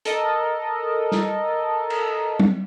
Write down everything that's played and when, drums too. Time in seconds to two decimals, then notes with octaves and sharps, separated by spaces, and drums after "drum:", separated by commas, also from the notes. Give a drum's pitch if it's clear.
0.05 A4 A#4 D#5, drum: hi-hat
1.12 drum: snare
1.90 drum: cymbal
2.40 drum: tom F#3